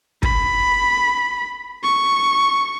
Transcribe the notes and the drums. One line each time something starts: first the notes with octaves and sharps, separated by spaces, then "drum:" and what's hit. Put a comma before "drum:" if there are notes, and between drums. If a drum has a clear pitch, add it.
B5, drum: kick
C#6